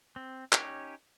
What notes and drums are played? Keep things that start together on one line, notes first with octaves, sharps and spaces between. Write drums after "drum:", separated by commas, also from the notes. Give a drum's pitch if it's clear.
C4
C#4 D#4 G4 C#5, drum: clap